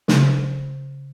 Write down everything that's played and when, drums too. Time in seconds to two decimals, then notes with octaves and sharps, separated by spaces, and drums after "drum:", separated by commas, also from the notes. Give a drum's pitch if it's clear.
0.08 C#3, drum: snare